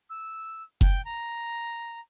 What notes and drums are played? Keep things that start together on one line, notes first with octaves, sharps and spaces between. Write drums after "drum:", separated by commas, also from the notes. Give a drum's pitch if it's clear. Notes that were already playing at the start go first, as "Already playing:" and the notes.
E6
G5, drum: kick F#1
A#5